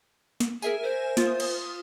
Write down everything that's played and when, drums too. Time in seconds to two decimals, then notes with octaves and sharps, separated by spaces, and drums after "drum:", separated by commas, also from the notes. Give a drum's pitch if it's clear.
0.40 drum: snare
0.62 G#4 A#4 E5 G#5, drum: tambourine
0.83 C5
1.17 F4 D#6, drum: snare
1.40 drum: cymbal